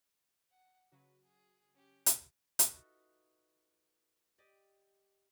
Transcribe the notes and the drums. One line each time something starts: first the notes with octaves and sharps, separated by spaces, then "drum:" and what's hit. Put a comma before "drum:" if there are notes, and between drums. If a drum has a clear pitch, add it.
F#5
C#3 F#3 F#4 B4
G#4
C#4 G4
drum: hi-hat
D#4 F4 F#4 A4 B4 E5, drum: hi-hat
G4 D5 D#5